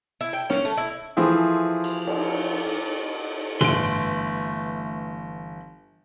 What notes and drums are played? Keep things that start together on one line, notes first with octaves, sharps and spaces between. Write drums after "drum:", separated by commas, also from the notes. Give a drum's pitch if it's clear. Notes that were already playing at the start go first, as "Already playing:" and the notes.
E4
G5
C#4, drum: snare
A3
E4
E3 F3 A3 C4 E4 G#4
drum: cymbal
drum: cymbal
G1 E3 A3 B4 C6 D7, drum: tom